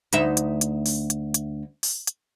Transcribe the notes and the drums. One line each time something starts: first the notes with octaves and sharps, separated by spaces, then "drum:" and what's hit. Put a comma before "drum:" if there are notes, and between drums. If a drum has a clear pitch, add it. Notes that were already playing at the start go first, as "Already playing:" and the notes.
D2 D#4 E5, drum: hi-hat
drum: hi-hat
drum: hi-hat
drum: open hi-hat
drum: hi-hat
drum: hi-hat
drum: open hi-hat
drum: hi-hat